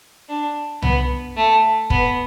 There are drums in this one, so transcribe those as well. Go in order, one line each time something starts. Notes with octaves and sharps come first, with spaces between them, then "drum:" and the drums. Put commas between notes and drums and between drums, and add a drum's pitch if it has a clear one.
D4
B3, drum: tom C2
A3
B3, drum: kick